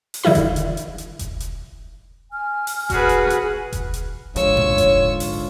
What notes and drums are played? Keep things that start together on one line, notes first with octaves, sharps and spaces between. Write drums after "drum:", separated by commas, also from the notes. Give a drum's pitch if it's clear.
drum: open hi-hat
D3 D#3 E4 F4 B5
drum: kick E1, hi-hat
drum: hi-hat
drum: hi-hat
drum: hi-hat
drum: kick E1, hi-hat
drum: hi-hat
G#5 F6
drum: open hi-hat
F#4 G#4 B4, drum: kick E1, hi-hat
drum: hi-hat
drum: hi-hat
drum: kick E1, hi-hat
drum: hi-hat
A#1 G#2 D3 F4 C#5 C#6 E6, drum: hi-hat
drum: tom G#2
drum: kick E1, hi-hat
drum: open hi-hat